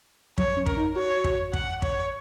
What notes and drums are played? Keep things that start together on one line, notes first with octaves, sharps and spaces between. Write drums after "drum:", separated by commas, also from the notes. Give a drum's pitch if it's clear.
F#3 C#5, drum: kick
C#4
A#4, drum: kick
D#4
F#4 C#5
drum: kick
F#5, drum: kick
C#5, drum: kick